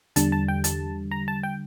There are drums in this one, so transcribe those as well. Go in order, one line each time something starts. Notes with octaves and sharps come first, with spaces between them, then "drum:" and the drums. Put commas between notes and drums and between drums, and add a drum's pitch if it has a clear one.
E2 D3 G3 A5, drum: hi-hat
A5
G5
A5, drum: hi-hat
A#5
A5
G5